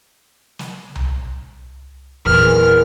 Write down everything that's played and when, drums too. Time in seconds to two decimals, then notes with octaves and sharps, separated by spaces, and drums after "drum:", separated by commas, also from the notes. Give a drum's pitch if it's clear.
0.59 drum: snare
0.96 drum: tom C2
2.26 E2 A#2 F6, drum: kick